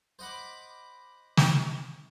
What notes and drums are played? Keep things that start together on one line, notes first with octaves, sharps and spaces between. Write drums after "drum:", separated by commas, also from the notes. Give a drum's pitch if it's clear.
C5 D#5 F#5 B5 D6
drum: snare